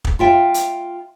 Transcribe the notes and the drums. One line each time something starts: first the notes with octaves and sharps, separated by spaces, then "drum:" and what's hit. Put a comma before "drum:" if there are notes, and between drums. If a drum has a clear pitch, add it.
drum: kick
F4 E5 G5
drum: hi-hat